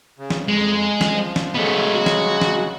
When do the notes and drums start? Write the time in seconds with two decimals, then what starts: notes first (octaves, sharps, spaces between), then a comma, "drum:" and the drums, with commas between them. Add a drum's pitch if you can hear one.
0.19 C#3
0.30 drum: snare
0.48 F2 G#3
1.01 drum: snare
1.13 F3
1.36 drum: snare
1.55 C#3 F#3 G#3 A3 B3
1.95 F#4
2.06 drum: snare
2.41 drum: snare